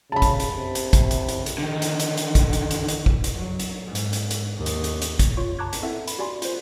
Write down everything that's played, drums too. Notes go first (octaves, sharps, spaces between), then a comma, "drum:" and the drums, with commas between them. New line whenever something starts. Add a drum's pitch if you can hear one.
C#3 A5 B5
drum: kick, hi-hat
drum: hi-hat
C3
drum: hi-hat
drum: kick, hi-hat
drum: hi-hat
drum: hi-hat
drum: hi-hat
D3 D#3
drum: hi-hat
drum: hi-hat
drum: hi-hat
drum: kick, hi-hat
drum: hi-hat
drum: hi-hat
drum: hi-hat
drum: kick
drum: hi-hat
F#3
drum: hi-hat
G#2
drum: hi-hat
drum: hi-hat
drum: hi-hat
D#2
drum: hi-hat
drum: hi-hat
drum: hi-hat
drum: kick, hi-hat
F4 C#5 C#6
A5 A#5 C#6 D6 F#6 G#6
drum: hi-hat
C4 E4 A4 E5 F#5
B5, drum: hi-hat
F#4 G4 D5 G#5 B5 C6
F4 C5, drum: hi-hat